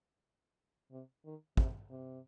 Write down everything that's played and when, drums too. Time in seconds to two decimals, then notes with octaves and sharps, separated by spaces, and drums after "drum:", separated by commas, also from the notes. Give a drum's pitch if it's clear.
0.91 C3
1.25 D#3
1.57 C3, drum: kick
1.90 C3